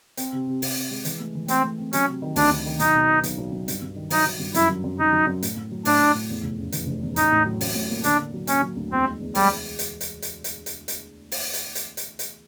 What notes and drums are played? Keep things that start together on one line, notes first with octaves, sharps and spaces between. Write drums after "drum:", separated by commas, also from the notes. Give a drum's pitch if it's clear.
C4, drum: hi-hat
C3
C3
C3, drum: open hi-hat
C4
G#3
E3, drum: hi-hat
A3
E3
A3 C4, drum: hi-hat
A3
C4
F#3 C#4, drum: hi-hat
C3
D#3
D2 D4, drum: open hi-hat
D2
D#3
B1 D#4, drum: hi-hat
B2
B2
B1, drum: hi-hat
B1
B1
G2, drum: hi-hat
G2
D#3
F#3 D#4, drum: open hi-hat
F#3
G2
F#2 E4, drum: hi-hat
F#3
F#2
F#3 D#4
F#3
F#2
A2, drum: hi-hat
A2
F#3
A2 D4, drum: open hi-hat
A2
A2
E2
F1
C#3
E3, drum: hi-hat
F1
E2
A1 D#4, drum: hi-hat
A2
F#3
A1, drum: open hi-hat
A2
A#3
D3 D4, drum: hi-hat
D3
F#3
A#3 C#4, drum: hi-hat
F#3
D2
E2 C4
G#3
E2
G3 G#3, drum: open hi-hat
G#3
drum: hi-hat
drum: hi-hat
drum: hi-hat
drum: hi-hat
drum: hi-hat
drum: hi-hat
drum: open hi-hat
drum: hi-hat
drum: hi-hat
drum: hi-hat
drum: hi-hat